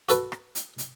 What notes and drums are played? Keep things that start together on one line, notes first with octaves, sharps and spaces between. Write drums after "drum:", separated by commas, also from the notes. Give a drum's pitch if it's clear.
F#4 A4 B4, drum: hi-hat
drum: rim click
drum: hi-hat
drum: hi-hat